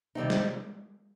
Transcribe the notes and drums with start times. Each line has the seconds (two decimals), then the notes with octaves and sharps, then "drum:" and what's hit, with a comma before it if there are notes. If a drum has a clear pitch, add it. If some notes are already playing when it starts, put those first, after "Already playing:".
0.15 C3 D#3 G3 C4 D#4
0.30 drum: snare